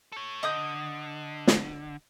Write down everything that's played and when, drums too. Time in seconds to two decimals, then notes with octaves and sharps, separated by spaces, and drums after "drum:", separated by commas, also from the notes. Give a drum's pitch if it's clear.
0.12 A4 C#5
0.43 D3 D#5 D#6 G6
1.47 drum: snare